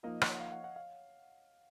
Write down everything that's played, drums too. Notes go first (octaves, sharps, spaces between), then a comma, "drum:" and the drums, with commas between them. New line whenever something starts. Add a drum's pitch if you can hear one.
F3 A#3 D#4 D#5
C#5, drum: rim click
F#5
F5
F#5
F#5
F5